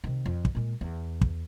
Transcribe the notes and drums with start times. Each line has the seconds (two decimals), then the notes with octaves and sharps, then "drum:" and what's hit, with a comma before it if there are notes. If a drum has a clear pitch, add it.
0.04 C3 D#3
0.26 F2
0.45 drum: kick
0.55 A#2 G#3
0.81 E2
1.21 drum: kick